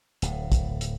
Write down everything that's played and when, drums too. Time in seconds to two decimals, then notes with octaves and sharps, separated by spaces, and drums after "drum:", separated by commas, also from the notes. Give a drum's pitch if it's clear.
0.22 D1 A2, drum: hi-hat
0.52 drum: kick, hi-hat
0.81 drum: hi-hat